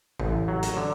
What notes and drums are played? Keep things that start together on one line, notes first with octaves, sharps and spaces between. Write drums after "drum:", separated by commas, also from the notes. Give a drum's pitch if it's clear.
A1, drum: kick A1
F#3
drum: hi-hat
D3